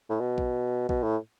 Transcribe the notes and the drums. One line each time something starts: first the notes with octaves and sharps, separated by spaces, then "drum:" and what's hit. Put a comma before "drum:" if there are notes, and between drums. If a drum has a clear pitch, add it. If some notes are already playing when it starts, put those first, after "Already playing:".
A2
B2
drum: kick A#1
B2, drum: kick A#1
A2